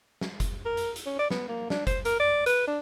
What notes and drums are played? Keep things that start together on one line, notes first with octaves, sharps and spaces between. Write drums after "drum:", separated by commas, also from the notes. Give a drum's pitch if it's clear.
drum: snare
drum: kick F#1, hi-hat
A#4
drum: hi-hat
drum: hi-hat
C#4
D5
B3, drum: snare
A#3
D4, drum: snare
C5, drum: kick F#1, hi-hat
A#4, drum: hi-hat
D5
B4, drum: hi-hat
D4